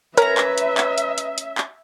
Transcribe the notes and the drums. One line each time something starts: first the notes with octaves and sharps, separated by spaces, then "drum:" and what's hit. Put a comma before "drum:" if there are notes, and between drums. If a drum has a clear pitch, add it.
C#4 A#4 B4 E5 A#5, drum: hi-hat
drum: clap
drum: hi-hat
drum: clap
drum: hi-hat
drum: hi-hat
drum: hi-hat
drum: clap